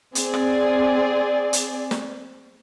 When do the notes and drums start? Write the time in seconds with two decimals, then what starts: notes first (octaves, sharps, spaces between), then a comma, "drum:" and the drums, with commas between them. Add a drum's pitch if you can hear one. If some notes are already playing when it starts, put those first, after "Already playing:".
0.15 C4 G#4 D5, drum: hi-hat
0.34 drum: rim click
1.53 drum: hi-hat
1.91 drum: snare